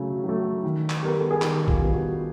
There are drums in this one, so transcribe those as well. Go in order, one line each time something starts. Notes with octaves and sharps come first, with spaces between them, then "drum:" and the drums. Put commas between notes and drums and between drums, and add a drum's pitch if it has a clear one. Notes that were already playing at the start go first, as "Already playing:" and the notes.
Already playing: C#3 F#3 A3
F#3
A3
D#3
drum: clap
G3 B3 A#4
A4
G#4
D#3 G4, drum: clap
F4, drum: kick
G3 B3
F#4